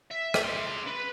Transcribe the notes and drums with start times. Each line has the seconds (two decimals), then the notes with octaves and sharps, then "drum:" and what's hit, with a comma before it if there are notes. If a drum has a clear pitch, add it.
0.11 E5
0.34 drum: rim click
0.44 C#3 C6
0.87 B4